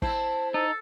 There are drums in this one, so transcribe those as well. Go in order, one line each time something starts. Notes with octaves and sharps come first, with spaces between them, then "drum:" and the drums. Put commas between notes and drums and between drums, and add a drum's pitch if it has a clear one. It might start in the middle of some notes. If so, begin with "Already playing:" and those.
C4 E4 C5 A5, drum: kick
D#4 A4 A5